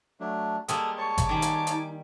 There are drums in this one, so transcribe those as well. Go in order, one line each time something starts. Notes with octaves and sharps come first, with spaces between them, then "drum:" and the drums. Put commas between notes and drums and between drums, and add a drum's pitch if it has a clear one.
F#3 A3 D4
G3 G#3 A#3 A4 D#6 F6, drum: hi-hat
C#5 A5 C#6
drum: kick G1, hi-hat
D#3 G3 D#4 G#5 D6
drum: hi-hat
drum: hi-hat